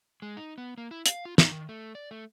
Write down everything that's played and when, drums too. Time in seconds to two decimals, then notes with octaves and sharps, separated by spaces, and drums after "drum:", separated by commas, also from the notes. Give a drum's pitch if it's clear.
0.22 G#3
0.37 D#4
0.58 B3
0.78 A#3
0.91 E4
1.06 F5, drum: hi-hat
1.25 F4
1.38 D#4, drum: snare
1.51 D#3
1.69 A3
1.95 D5
2.11 A3